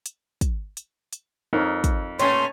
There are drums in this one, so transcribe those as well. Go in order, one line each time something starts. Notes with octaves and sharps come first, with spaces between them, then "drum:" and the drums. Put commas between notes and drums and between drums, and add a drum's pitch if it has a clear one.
drum: hi-hat
drum: kick, hi-hat
drum: hi-hat
drum: hi-hat
F2 D#4 A#4 C#5
drum: kick, hi-hat
A#2 A3 C#4 C#5 C6, drum: hi-hat